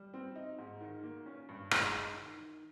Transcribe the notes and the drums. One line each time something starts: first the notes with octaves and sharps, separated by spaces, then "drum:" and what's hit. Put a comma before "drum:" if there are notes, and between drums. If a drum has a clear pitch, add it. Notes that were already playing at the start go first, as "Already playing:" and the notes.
Already playing: G3
C4
D#4
G#2
D#3
A#3
C#4
G2
G#3, drum: rim click
D#4
D#3
D#3